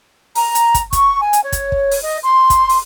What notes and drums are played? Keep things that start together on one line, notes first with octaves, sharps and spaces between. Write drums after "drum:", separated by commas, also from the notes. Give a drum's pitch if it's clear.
A#5, drum: open hi-hat
drum: hi-hat
drum: kick, hi-hat
C#6, drum: kick, hi-hat
G#5
drum: hi-hat
C#5
drum: kick, hi-hat
drum: kick
drum: open hi-hat
D#5
C6
drum: kick, hi-hat
drum: open hi-hat